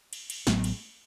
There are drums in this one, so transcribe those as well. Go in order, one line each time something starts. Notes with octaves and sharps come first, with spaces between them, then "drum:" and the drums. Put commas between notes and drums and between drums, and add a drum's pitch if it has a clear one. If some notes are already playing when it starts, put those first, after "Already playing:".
drum: cymbal
drum: cymbal
A1 A2 F#3 B3, drum: snare
drum: cymbal